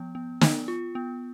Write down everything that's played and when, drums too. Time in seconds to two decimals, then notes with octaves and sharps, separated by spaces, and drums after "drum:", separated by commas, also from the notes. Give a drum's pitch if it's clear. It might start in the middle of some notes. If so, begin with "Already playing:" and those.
Already playing: F3 B3
0.15 B3
0.41 B3, drum: snare
0.68 F4
0.95 B3